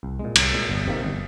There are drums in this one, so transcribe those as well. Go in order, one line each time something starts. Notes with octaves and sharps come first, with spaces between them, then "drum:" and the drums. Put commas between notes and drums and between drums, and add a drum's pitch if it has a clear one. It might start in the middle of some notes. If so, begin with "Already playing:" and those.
C2
A#2 G#3
C2, drum: cymbal
A#2 G#3
G1
F2 C3 D#3 A#3
G1